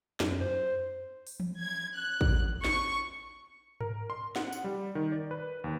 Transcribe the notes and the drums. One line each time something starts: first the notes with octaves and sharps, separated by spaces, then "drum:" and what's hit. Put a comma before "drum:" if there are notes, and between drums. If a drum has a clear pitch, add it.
F#2, drum: snare
C5
drum: open hi-hat
drum: tom E3
G#6
F#6
drum: kick
C#6, drum: snare
A#4, drum: tom G#2
C6
F#5, drum: snare
drum: tambourine
G3
D#3
D5
B4
D#2